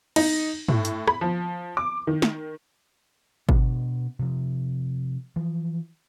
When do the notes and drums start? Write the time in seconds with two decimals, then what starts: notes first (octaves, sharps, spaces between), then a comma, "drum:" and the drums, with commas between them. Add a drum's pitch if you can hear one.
0.16 D#4, drum: cymbal
0.69 A2, drum: tom
0.85 drum: hi-hat
1.08 B5, drum: rim click
1.21 F3
1.77 D6
2.07 D#3
2.22 drum: snare
3.49 B2 B3 D4, drum: kick G1
4.19 C3 F3
5.36 E3 F3